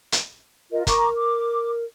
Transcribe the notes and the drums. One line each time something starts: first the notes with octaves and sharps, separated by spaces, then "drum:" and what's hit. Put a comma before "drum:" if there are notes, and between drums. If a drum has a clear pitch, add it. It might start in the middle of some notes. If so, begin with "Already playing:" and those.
drum: hi-hat
F4 A#4 D#5
A#4 A#5 C#6 D6, drum: kick, hi-hat
D6